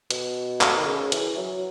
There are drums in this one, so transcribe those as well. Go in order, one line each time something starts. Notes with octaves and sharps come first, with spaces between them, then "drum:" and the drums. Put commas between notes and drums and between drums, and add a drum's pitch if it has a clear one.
B2, drum: hi-hat
drum: clap
D#3
C#3
E3, drum: hi-hat
F#3